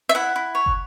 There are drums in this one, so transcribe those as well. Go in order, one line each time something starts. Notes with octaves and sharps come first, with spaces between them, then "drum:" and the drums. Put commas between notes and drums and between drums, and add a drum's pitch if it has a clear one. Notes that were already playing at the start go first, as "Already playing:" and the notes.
E5
E4 F#5
E4
C#5
drum: kick